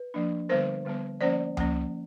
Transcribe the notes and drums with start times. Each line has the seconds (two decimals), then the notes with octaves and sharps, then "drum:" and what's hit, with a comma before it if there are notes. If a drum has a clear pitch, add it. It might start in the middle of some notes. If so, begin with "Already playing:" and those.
Already playing: B4
0.14 F3 A#3 D4
0.49 D3 G3 B3 A#4 C5
0.85 D3 G3 B3
1.21 F3 A#3 C#4 C5 D5
1.57 F3 A#3 C#4, drum: tom C#2